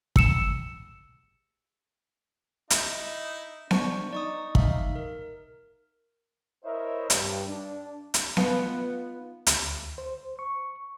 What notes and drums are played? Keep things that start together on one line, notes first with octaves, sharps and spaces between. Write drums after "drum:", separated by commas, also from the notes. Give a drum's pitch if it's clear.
E6 C#7 E7, drum: kick
D#4 E4, drum: hi-hat
D4 C5 C#6, drum: snare B3
D#4 D5 C#6 D#6
E5 F5, drum: kick
A#4
E4 A#4 C5 C#5 D#5 E5
G2, drum: hi-hat
D4
drum: hi-hat
B3 D#4 F4, drum: snare B3
D2, drum: hi-hat
C5
C#6